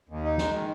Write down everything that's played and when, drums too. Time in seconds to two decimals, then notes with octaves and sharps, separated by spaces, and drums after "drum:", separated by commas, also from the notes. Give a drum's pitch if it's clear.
0.09 D#2
0.24 D#4
0.38 G#3, drum: snare
0.53 D#3